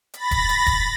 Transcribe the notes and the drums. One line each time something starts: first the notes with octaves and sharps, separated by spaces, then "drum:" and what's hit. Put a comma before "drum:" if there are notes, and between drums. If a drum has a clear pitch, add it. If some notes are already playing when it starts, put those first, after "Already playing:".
B5 A6 A#6, drum: hi-hat
drum: kick E1, hi-hat
drum: hi-hat
drum: kick E1, hi-hat